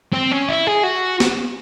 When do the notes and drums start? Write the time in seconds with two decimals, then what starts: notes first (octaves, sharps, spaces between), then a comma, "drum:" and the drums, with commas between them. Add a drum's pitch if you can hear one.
0.13 C4
0.32 C#4
0.49 E4
0.67 G#4
0.83 F#4
1.20 drum: snare